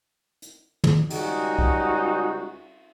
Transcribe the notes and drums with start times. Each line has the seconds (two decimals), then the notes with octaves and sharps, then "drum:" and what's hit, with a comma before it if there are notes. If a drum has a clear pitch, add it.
0.42 drum: hi-hat
0.84 drum: tom
1.10 C#2 G3 D#4 F#4 G#4, drum: cymbal
1.59 drum: kick